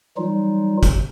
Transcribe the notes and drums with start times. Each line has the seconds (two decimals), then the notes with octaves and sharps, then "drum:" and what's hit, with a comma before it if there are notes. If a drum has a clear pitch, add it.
0.17 E3 F#3 G3 D#4 F4
0.83 drum: kick, hi-hat